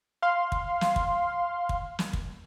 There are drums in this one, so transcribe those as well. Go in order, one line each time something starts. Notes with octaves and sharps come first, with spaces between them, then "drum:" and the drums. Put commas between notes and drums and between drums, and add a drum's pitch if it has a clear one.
F5 C6
drum: kick
drum: snare
drum: kick
drum: kick
drum: snare
drum: kick